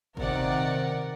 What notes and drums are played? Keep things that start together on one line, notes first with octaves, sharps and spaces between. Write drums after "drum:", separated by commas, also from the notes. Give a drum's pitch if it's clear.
C3 D#3 A#4 D5 F#5, drum: kick G1